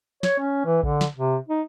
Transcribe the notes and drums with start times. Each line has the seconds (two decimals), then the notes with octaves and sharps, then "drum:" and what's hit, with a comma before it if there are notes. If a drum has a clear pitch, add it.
0.23 C#5, drum: snare
0.39 C#4
0.65 E3
0.83 D3, drum: kick A#1
1.01 drum: snare
1.17 C3
1.49 D#4